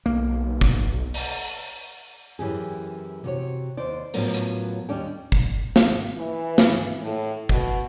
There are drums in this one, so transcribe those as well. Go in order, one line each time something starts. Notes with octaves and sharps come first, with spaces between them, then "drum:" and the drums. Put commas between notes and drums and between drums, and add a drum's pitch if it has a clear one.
B1 A#3
drum: kick G1
drum: open hi-hat
F#2 E3 G4 G#4
C3 F#4 C#5
D#2 C5 D5
A2 F3 F#3 B3 C#4 A#4, drum: open hi-hat
drum: hi-hat
D#2 G3 C#4 D4 D5 G5
drum: kick G1
drum: snare
E3
drum: snare
A2
B2, drum: kick G1